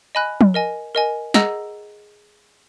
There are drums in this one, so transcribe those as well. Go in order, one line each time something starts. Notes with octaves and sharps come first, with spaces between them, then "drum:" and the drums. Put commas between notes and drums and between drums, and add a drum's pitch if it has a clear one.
D#5 G#5 B5 F#6
drum: tom
A#4 D#5 G#5
A#4 D#5 G#5
G#4 D#5 F#5 A#5 E6, drum: snare